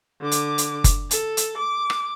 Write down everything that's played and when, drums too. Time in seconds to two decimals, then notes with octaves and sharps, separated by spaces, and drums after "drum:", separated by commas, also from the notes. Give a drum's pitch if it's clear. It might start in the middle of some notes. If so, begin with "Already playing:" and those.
0.21 D3 D6
0.32 drum: hi-hat
0.58 drum: hi-hat
0.84 drum: kick F#1, hi-hat
1.11 A4, drum: hi-hat
1.37 drum: hi-hat
1.58 D6
1.90 drum: rim click